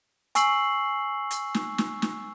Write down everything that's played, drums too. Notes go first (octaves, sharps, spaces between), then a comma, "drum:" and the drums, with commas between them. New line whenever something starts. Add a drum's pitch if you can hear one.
G#5 C#6 E6 C7 F#7, drum: hi-hat
drum: hi-hat
drum: snare
drum: snare
drum: snare